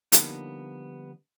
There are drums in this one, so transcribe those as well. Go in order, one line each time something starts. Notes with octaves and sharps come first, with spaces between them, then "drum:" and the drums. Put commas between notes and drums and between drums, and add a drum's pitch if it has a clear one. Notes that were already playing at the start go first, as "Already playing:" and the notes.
D3 F3 G3 A#3 B3 D#4, drum: hi-hat